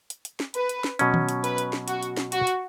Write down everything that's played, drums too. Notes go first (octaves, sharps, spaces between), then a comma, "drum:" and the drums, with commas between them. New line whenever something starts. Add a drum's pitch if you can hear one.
drum: hi-hat
drum: hi-hat
drum: snare
B4, drum: hi-hat
drum: hi-hat
drum: snare
B2 F#3 C#4, drum: hi-hat
drum: tom D#3
drum: hi-hat
B4, drum: hi-hat
drum: hi-hat
drum: snare
F#4, drum: hi-hat
drum: hi-hat
drum: snare
F#4, drum: hi-hat
drum: hi-hat